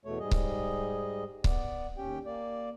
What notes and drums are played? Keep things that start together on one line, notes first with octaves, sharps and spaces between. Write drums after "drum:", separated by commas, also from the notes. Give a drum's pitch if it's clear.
E2 B2 A3 C#5
G#2 G3 G#4 D#5
drum: kick C#1
B3 D5, drum: kick C#1
D#2 C#4 G4 G5
A#3 D5